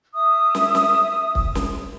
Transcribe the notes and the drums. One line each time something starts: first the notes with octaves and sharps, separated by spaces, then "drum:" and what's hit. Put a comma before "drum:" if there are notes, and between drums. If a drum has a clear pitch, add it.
E5 D#6
drum: snare
drum: snare
drum: kick C#1
drum: snare